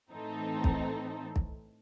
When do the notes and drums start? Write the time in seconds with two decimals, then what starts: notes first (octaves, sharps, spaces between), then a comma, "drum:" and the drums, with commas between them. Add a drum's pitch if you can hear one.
0.11 A2 E3 C4 D#4 A4
0.64 drum: kick
1.36 drum: kick